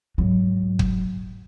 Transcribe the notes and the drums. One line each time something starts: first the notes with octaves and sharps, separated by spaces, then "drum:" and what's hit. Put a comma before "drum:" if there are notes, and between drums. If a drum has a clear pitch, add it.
G#2 F#3
drum: kick